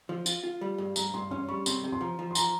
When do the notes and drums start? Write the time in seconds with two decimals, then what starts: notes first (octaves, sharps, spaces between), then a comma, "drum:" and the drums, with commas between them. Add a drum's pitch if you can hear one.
0.09 F3
0.26 F4, drum: tambourine
0.44 F4
0.61 G3
0.78 G2
0.96 G2 A#5, drum: tambourine
1.14 G2 C6
1.31 C#4 C6
1.48 G3 C#6
1.66 C3 C6, drum: tambourine
1.84 C3
1.92 C6
2.01 F3 A#5
2.19 F3
2.31 C6
2.35 F3 A#5, drum: tambourine